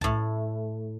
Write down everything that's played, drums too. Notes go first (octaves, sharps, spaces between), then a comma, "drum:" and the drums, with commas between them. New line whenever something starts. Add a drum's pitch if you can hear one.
A2 A5, drum: kick B1